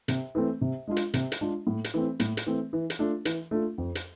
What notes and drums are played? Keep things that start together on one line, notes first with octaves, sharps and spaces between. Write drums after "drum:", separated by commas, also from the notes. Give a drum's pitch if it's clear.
C3, drum: hi-hat
E3 A3 C4
C3
G#3 D4 F4
drum: hi-hat
C3, drum: hi-hat
drum: hi-hat
G#3 D4 F4
A2
drum: hi-hat
E3 A3 C4
A2, drum: hi-hat
drum: hi-hat
E3 A3 C4
E3
drum: hi-hat
A3 D4 F4
E3, drum: hi-hat
A3 D4 F4
F2
drum: hi-hat